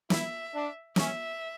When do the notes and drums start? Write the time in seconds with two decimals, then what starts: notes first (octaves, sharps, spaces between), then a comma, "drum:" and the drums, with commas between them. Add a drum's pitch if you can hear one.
0.10 E4 E5, drum: snare
0.54 D4
0.96 C#4 E5, drum: snare